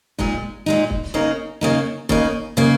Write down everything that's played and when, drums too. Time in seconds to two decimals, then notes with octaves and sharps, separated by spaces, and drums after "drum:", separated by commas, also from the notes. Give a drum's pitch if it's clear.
0.19 A#2 G#3 D#4, drum: kick
0.66 A#2 G#3 D#4
0.90 drum: kick
1.14 C#3 A#3 D#4
1.61 C#3 A#3 D#4
2.09 C#3 A#3 D#4, drum: kick
2.57 C#3 A#3 D#4